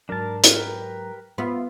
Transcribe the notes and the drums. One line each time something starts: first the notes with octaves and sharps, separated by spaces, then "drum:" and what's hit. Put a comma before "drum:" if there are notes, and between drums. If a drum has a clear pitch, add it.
G#2 F#3 D4 A#4 A5
G4 A#4 B4, drum: hi-hat
B3 F4 E5 C6